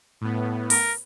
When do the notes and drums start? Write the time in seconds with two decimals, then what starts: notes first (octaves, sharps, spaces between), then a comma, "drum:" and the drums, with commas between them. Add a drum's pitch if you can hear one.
0.21 A2 B3
0.70 A#4, drum: open hi-hat